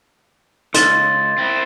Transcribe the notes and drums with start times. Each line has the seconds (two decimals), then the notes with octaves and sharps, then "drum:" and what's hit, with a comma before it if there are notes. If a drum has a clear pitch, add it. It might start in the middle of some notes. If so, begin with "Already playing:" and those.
0.74 C#2 C6 A6, drum: hi-hat
1.38 C4 E4